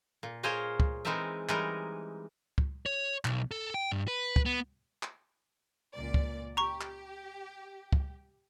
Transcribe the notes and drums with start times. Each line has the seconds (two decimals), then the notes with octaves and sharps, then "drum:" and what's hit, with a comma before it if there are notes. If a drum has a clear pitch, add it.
0.23 A#2
0.43 F4 G#4 A#4 C5 C#5 D#5
0.80 drum: kick
1.05 E3 G#3 C4 D#4 A#4 E5
1.49 E3 G3 G#3 D#4 A#4, drum: clap
2.58 drum: kick
2.86 C#5
3.25 B1, drum: clap
3.51 A4
3.74 G5
3.92 G2
4.08 B4
4.36 drum: kick
4.46 B3
5.03 drum: clap
5.95 C#2 A#2 D5
6.14 drum: kick
6.57 G4 A#5 C#6
6.81 drum: clap
7.93 drum: kick